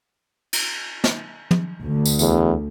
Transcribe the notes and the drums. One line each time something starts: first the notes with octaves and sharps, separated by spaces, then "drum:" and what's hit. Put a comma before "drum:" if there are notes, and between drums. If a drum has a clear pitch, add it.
drum: cymbal
drum: snare
drum: tom
D2
drum: tambourine
E2, drum: tambourine